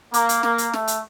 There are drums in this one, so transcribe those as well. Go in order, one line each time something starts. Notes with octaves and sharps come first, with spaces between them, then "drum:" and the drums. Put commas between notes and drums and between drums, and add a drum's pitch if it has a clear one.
A#3, drum: hi-hat
drum: hi-hat
A#3, drum: snare
drum: hi-hat
A3, drum: snare
drum: hi-hat